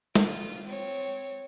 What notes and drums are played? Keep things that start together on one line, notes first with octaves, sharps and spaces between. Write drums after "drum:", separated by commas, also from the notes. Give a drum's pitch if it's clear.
F4, drum: snare
C4 C#5